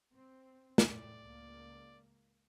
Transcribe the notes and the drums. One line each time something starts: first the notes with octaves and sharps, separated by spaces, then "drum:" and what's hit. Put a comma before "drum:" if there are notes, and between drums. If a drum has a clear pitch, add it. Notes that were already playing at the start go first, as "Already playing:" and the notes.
C4
drum: snare
A2 D5
C#2 A#3